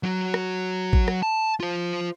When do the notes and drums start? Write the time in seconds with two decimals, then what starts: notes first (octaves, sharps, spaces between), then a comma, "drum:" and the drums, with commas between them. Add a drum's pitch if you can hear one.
0.03 F#3 F#4
0.34 drum: rim click
0.93 drum: kick
1.08 drum: rim click
1.23 A5
1.60 F4 C5